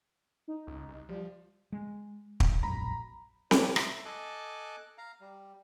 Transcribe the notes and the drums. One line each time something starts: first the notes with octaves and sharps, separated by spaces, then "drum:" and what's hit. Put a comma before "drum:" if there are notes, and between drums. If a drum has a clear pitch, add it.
D#4
C#2
C2
F3 G3
G#3
drum: kick
E1 A#1 F#2 A#5 B5
D4 G4 C#5 D5 G#5, drum: snare C4
E5, drum: rim click
A4 D#5 G#5 A5 D6 F#6
F5 A#5
G3